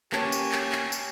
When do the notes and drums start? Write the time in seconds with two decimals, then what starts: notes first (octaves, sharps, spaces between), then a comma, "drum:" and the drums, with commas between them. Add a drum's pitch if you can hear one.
0.12 A#3 C#4 G4 G#5 A5, drum: clap
0.32 drum: tambourine
0.52 drum: clap
0.72 drum: clap
0.92 drum: tambourine